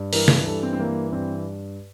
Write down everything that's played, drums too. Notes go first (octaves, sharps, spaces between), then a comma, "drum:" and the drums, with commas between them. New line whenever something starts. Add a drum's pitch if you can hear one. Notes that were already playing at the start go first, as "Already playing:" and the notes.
Already playing: G2
E3 A#4, drum: open hi-hat
drum: snare
G2 A4
C4
C4
E3 A#3
G2 C4